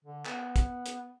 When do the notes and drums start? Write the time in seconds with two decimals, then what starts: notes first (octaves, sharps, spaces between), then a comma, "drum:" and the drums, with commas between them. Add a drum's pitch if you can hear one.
0.04 D3
0.26 B3, drum: clap
0.56 drum: kick, hi-hat
0.86 drum: hi-hat